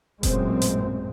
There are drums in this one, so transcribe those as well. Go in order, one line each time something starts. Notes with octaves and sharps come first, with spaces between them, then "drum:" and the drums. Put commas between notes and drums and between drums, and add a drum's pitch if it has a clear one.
A1 F#2 A#2 G#3 C4, drum: kick F1, hi-hat
drum: hi-hat